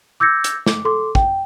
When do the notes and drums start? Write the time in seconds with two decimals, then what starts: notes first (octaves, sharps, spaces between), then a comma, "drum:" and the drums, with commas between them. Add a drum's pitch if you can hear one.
0.20 D6 E6 G6 G#6 A#6 C#7
0.44 drum: hi-hat
0.66 D6, drum: snare
0.85 A4 C6 D6
1.15 G5, drum: kick